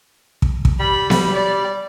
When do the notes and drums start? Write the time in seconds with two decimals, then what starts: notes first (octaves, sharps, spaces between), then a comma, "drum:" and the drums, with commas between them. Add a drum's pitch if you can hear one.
0.42 drum: kick
0.65 drum: kick
0.79 G3 B5
1.10 drum: snare B3
1.33 D5